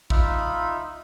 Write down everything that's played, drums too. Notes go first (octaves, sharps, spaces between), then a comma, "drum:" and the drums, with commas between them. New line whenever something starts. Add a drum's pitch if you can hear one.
D#4 F4 E5 B5, drum: kick A1